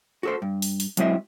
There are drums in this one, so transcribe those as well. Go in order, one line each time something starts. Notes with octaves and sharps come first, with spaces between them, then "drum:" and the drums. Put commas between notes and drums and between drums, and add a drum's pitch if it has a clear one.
F#4 A4 C5
G2
drum: open hi-hat
drum: open hi-hat
F#3 G#3 C4 E4 D#5 E5, drum: hi-hat